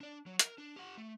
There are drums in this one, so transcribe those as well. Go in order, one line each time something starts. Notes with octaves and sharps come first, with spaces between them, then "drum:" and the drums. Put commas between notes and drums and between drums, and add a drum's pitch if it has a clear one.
D4 D5
F#3
A#4, drum: hi-hat
D4
G4 F#5
A3